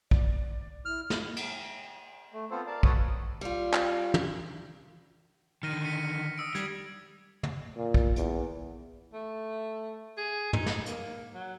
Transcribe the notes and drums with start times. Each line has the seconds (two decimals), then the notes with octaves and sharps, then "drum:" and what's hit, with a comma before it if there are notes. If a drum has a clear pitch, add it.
0.11 D5, drum: kick
0.85 E4 F6
1.10 drum: snare
1.37 drum: cymbal
2.33 A3
2.51 B3 C4 F4 A4 C5
2.66 A#4 D5 F5 A5
2.83 F#4 A4 B4 C#5 F5 D#6, drum: kick
3.41 G3 F4
3.73 drum: clap
4.14 drum: tom
5.63 D3 D#3 F6 A#6 D#7
5.84 B6 C#7 D#7
6.38 D#6 E6 D7
6.55 G3 G#6, drum: hi-hat
7.43 drum: tom
7.77 A#2
7.94 drum: kick
8.16 E2, drum: hi-hat
9.13 A3
10.17 G#4
10.53 D#4, drum: tom
10.66 drum: snare
10.86 A#3, drum: hi-hat
11.33 F#3